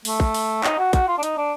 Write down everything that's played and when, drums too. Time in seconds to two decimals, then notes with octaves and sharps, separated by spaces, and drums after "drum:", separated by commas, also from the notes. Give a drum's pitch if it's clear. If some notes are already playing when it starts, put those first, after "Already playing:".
0.05 A3, drum: open hi-hat
0.20 drum: kick
0.34 drum: open hi-hat
0.64 D#4, drum: clap
0.78 F#4
0.93 F#4, drum: kick, hi-hat
1.08 F4
1.18 D4
1.23 D#4, drum: hi-hat
1.37 D4